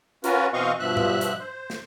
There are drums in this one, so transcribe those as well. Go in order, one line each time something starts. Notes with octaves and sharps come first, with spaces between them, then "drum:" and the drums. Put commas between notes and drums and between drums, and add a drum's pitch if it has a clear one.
C#4 F4 F#4 A#4 B4, drum: hi-hat
B2 E3 C4 D#5 F5 C#6
G2 B2 F3 E5 F#6
drum: tom G#2
drum: hi-hat
C5
drum: snare